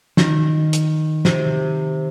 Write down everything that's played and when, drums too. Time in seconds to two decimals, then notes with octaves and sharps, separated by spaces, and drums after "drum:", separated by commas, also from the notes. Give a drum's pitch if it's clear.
0.17 D#3, drum: snare
0.73 drum: hi-hat
1.25 C3, drum: snare